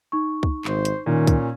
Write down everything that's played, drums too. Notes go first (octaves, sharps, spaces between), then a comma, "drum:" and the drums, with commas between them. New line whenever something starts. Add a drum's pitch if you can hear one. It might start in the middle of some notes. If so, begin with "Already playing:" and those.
D#4 C#6
drum: kick
G#1 C5, drum: clap
drum: hi-hat
A#2 D#3 C#4
drum: kick, hi-hat